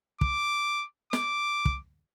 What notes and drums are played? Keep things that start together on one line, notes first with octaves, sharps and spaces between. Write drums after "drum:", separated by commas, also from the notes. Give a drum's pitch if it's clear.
D6, drum: kick
D6, drum: snare
drum: kick